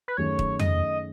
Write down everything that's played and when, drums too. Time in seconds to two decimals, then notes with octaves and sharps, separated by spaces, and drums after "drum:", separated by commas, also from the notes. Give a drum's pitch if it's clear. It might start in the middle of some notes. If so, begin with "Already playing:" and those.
0.08 B4
0.17 F#2 D#3 A3 C#4 G#4 C#5
0.39 drum: kick
0.59 D#5, drum: tom